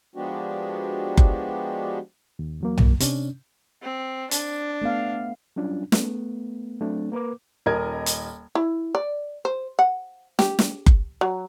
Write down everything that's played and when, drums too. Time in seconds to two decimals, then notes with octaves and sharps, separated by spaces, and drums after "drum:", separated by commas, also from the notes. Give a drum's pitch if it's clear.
0.16 F3 G#3 B3 D4 F#4 G4
1.17 drum: kick F#1
2.39 D#2
2.61 E2 F#3 A#3
2.78 drum: tom B1
3.00 C3 C#4 D4, drum: hi-hat
3.82 C4
4.31 D4, drum: hi-hat
4.82 A3 B3 F5
5.56 F#3 G3 C#4 D4 F4
5.92 A3 B3, drum: snare
6.80 F#3 A3 C4 D4
7.12 A#3 A#4 B4 D6
7.66 D#1 A#4 D#5 G#6
8.06 drum: hi-hat
8.55 E4
8.95 D5
9.45 C5
9.79 F#5
10.39 G4, drum: snare
10.59 drum: snare
10.86 drum: kick F#1
11.21 F#3